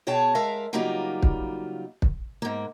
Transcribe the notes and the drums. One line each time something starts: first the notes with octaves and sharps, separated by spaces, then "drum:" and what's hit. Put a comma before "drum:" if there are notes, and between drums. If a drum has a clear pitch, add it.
B2 G#4 C#5 G5 A5
G#3 A#4 E5 F5
C#3 F#3 G3 A#3 D#4 F4
drum: kick
drum: kick
G#2 A#3